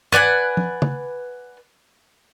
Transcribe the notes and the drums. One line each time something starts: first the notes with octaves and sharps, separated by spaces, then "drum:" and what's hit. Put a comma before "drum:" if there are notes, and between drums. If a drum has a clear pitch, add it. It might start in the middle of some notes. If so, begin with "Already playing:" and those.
B4 D5 F#5 G#5, drum: tom
drum: tom F3
drum: tom C#3